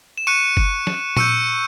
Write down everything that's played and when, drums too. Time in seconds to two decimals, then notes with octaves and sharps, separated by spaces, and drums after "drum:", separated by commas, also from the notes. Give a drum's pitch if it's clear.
0.18 E7
0.27 C#6 F#6 C#7 D#7
0.57 drum: kick F#1
0.87 drum: snare
1.17 C#6 E6 G6 C#7 D#7, drum: tom A#2